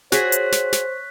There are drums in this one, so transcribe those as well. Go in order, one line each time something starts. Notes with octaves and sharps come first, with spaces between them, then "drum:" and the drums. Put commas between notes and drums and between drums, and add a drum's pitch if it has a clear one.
F#4 G#4 C5 C#5 F#6 B6, drum: snare
drum: hi-hat
drum: snare
drum: snare